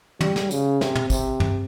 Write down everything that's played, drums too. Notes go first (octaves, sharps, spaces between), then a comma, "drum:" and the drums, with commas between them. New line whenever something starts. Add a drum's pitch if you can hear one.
G3, drum: tom
drum: snare
C#3, drum: tambourine
C3, drum: snare
drum: tom
C3, drum: kick, tambourine
drum: tom